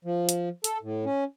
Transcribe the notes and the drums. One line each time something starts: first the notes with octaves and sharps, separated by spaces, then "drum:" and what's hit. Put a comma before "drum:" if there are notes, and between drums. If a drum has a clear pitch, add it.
F3
drum: hi-hat
A4, drum: hi-hat
A2
C#4